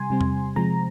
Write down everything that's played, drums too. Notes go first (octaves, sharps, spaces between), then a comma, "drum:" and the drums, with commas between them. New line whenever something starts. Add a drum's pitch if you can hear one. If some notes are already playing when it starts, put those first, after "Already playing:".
Already playing: C3 G3 G#5 C6
C3 G3 C4
drum: tom E2
C3 F3 G#3 C4 A#5